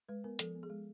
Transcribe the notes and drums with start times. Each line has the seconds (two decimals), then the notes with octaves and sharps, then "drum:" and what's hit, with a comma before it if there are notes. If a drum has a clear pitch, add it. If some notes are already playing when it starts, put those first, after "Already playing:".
0.09 G#3 B4
0.24 B3 A#4
0.39 F3 A4, drum: hi-hat
0.55 B3
0.63 G#4
0.70 G#3